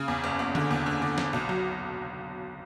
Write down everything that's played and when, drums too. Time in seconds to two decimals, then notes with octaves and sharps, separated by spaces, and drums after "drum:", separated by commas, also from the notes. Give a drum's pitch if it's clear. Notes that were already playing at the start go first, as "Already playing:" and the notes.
Already playing: C#3
0.08 E2
0.24 F#1
0.39 F#1
0.55 D3, drum: tom D3
0.71 E2
0.86 D3
1.02 D3
1.18 F#1, drum: snare
1.33 B1
1.49 F#3